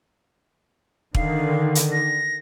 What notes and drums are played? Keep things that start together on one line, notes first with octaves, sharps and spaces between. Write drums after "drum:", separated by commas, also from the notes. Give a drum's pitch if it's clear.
D3 D#3 F5, drum: kick
drum: hi-hat
A#6